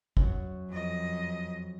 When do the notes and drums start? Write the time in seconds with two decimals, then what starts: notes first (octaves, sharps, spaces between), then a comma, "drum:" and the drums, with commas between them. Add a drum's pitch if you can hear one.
0.17 F#2 C#5, drum: kick
0.69 F2 D#5